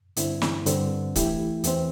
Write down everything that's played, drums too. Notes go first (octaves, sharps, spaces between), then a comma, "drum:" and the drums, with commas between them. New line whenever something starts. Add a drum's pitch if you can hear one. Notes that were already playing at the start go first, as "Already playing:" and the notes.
G2 D3 C4 E4, drum: hi-hat
drum: snare
G2 D3 C4, drum: hi-hat
E3 A3 E4 G4, drum: kick C#1, hi-hat
E2 E3 C4, drum: hi-hat